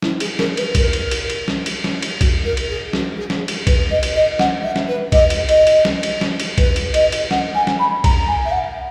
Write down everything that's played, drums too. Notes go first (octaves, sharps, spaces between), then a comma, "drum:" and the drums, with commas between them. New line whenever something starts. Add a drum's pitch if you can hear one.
E4, drum: snare
G#4, drum: cymbal
A#4, drum: snare
B4, drum: cymbal
A#4, drum: kick B1, cymbal
drum: cymbal
drum: cymbal
drum: cymbal
drum: snare
drum: cymbal
drum: snare
drum: cymbal
F#4, drum: kick B1, cymbal
A#4
drum: cymbal
G#4
F#4, drum: snare
G#4
drum: snare
drum: cymbal
B4, drum: kick B1, cymbal
D#5
drum: cymbal
D#5
F#5, drum: snare
E5
drum: snare
B4
D#5, drum: kick B1, cymbal
drum: cymbal
D#5, drum: cymbal
drum: cymbal
drum: snare
drum: cymbal
drum: snare
drum: cymbal
B4, drum: kick B1, cymbal
drum: cymbal
D#5, drum: cymbal
drum: cymbal
F#5, drum: snare
G#5
drum: snare
B5
A#5, drum: kick B1, cymbal
G#5
E5
F#5